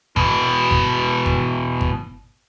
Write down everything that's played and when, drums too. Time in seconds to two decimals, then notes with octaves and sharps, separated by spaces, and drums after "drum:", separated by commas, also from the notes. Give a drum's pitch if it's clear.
0.16 B2 E3, drum: kick G#1
0.71 drum: kick G#1
1.26 drum: kick G#1
1.81 drum: kick G#1